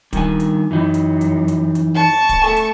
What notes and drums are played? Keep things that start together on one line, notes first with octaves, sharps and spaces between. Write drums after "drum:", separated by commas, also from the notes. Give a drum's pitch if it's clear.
G2 D#3 G#5, drum: kick D1, hi-hat
drum: hi-hat
F#2 E3 D#4 E4
drum: hi-hat
drum: hi-hat
drum: hi-hat
drum: hi-hat
A5 C#6
drum: kick D1, hi-hat
A3 A4 G#5
drum: hi-hat